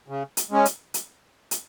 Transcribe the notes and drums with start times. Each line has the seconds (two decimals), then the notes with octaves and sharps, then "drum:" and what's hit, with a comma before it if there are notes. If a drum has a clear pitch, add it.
0.08 C#3
0.37 drum: hi-hat
0.51 G#3 C#4
0.65 drum: hi-hat
0.94 drum: hi-hat
1.51 drum: hi-hat